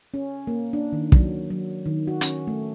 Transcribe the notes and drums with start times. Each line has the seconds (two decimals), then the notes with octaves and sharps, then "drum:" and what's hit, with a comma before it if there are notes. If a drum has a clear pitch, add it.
0.14 C#4
0.47 A#3
0.73 D4
0.93 D#3
1.12 F#3, drum: kick
1.50 F#3
1.86 D#3
2.07 F#4
2.21 C#4, drum: hi-hat
2.47 A3